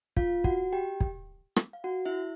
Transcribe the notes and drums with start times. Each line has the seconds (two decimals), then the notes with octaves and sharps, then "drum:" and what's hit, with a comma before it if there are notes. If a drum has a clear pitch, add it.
0.17 F4 F5, drum: kick
0.44 F#4 F#5, drum: kick
0.73 G4 G5
1.00 drum: kick
1.56 drum: rim click
1.73 F5
1.84 F#4 F#5
2.05 E4 E5